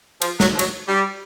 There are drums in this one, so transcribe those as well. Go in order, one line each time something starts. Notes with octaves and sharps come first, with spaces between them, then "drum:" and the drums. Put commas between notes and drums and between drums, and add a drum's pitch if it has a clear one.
F3, drum: cymbal
F#3, drum: snare
F3
F#3, drum: cymbal
G3